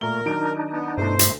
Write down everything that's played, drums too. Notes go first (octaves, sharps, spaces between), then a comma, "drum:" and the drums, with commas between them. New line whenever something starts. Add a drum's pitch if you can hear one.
A#2 A3 A#4 G7
D#3 F#3 D4 D#4 D7
B3
G2 B2 A3 E4 C5
D2 A3, drum: hi-hat